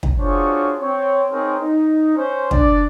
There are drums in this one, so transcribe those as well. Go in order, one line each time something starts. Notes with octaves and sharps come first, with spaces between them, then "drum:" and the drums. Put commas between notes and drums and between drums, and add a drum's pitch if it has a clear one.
drum: kick
D4 F4 F#4 G#4 C5 C#5
C4 C#5
C4 D#4 G#4 A#4 C5 C#5
D#4
C#4 C5
D4 D5, drum: kick